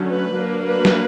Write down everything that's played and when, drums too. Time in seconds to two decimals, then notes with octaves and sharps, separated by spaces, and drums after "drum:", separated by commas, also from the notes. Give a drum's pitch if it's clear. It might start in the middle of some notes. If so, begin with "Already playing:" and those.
Already playing: D3 F#3 A3 C#4
0.08 B4
0.36 F#3 A#3 D4
0.65 B4
0.85 drum: snare